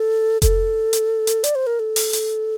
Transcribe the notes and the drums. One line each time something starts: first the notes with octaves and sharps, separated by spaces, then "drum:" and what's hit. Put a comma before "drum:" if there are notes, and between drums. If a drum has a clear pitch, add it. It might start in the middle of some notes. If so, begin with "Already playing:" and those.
Already playing: A4
A4, drum: kick F1, hi-hat
drum: hi-hat
drum: hi-hat
D5, drum: hi-hat
C5
A#4
A4
drum: open hi-hat
drum: hi-hat